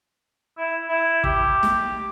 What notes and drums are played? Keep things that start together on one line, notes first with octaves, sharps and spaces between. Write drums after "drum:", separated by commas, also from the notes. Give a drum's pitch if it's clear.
E4
E4
G4, drum: kick
drum: snare